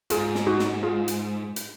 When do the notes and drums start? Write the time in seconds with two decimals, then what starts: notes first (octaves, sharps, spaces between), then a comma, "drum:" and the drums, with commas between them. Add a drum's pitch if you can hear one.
0.10 G#2 F4 G#4, drum: hi-hat
0.35 drum: snare
0.47 D#4 F#4
0.59 drum: snare
0.83 F4 G#4
1.08 drum: hi-hat
1.56 drum: hi-hat